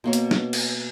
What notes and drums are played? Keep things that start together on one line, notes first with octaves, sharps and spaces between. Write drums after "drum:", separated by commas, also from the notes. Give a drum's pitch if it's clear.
B2 A#3 C#5
drum: hi-hat
drum: snare
drum: cymbal